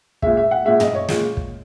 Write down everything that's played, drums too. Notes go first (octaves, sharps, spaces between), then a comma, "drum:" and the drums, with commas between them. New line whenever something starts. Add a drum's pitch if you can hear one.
A#2 G#3 E5, drum: kick
E5
F#5
A#2 G#3 E5
D#5, drum: tom
C#5
A#2 G#3, drum: snare
drum: kick